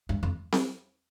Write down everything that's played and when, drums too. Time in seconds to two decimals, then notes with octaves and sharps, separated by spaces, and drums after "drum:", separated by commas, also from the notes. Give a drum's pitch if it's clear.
0.09 G2
0.23 F2
0.52 drum: snare C4